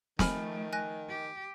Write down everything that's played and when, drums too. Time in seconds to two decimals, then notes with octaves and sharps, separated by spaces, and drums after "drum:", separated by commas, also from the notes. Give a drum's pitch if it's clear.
0.19 D#3 F3 A3 G#5 B5 F6, drum: snare
0.73 G#5 F#6 A#6
1.09 G4